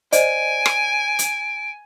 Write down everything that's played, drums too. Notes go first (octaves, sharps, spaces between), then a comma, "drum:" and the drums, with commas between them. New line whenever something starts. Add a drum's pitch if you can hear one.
C5 D5 D#5 G#5 D7, drum: hi-hat
drum: rim click
drum: hi-hat